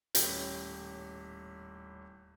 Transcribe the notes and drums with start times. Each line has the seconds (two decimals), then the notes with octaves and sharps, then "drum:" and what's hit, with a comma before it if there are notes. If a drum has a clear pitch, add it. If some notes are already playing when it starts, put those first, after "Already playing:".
0.15 D#1 A2 C#4 G4 G6 A#6, drum: hi-hat